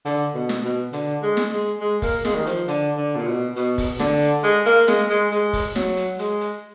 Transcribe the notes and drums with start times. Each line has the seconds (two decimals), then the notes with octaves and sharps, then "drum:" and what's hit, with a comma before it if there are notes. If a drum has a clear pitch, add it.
0.06 D3, drum: hi-hat
0.35 B2
0.49 drum: snare
0.64 B2
0.93 D3, drum: hi-hat
1.23 G#3
1.37 drum: snare
1.52 G#3
1.81 G#3
2.02 A#3, drum: kick, open hi-hat
2.25 G#3, drum: snare
2.35 D#3
2.47 F3, drum: hi-hat
2.68 D3, drum: hi-hat
2.97 D3
3.16 A#2
3.27 B2
3.56 B2, drum: hi-hat
3.78 drum: kick, open hi-hat
3.99 D3, drum: snare
4.22 drum: hi-hat
4.44 G#3, drum: hi-hat
4.66 A#3, drum: hi-hat
4.88 G#3, drum: snare
5.10 G#3, drum: hi-hat
5.32 G#3, drum: hi-hat
5.53 drum: kick, open hi-hat
5.76 F#3, drum: snare
5.97 drum: hi-hat
6.19 G#3, drum: hi-hat
6.41 drum: hi-hat